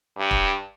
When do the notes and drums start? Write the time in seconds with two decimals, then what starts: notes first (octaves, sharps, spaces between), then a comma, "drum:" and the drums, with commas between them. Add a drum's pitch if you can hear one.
0.18 G2
0.31 drum: kick